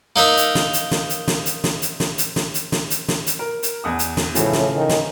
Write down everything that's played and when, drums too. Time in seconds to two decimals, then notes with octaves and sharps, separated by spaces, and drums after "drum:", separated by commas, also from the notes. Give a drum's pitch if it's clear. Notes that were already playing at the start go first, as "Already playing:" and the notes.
0.16 A#3 D#4 A#4 E5
0.37 drum: hi-hat
0.55 drum: snare
0.73 drum: hi-hat
0.91 drum: snare
1.09 drum: hi-hat
1.28 drum: snare
1.46 drum: hi-hat
1.64 drum: snare
1.82 drum: hi-hat
2.00 drum: snare
2.18 drum: hi-hat
2.36 drum: snare
2.54 drum: hi-hat
2.72 drum: snare
2.90 drum: hi-hat
3.08 drum: snare
3.26 drum: hi-hat
3.39 A#4
3.63 drum: hi-hat
3.84 E2 F#5 D#6
3.99 drum: hi-hat
4.17 drum: snare
4.35 A2 C#3 E3 F3, drum: hi-hat
4.53 drum: snare
4.76 D#3
4.89 drum: snare